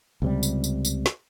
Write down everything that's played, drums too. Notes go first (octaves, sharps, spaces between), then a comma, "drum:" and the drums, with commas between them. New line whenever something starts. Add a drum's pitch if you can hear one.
C#2 C3 G3
drum: tambourine
drum: tambourine
drum: tambourine
drum: snare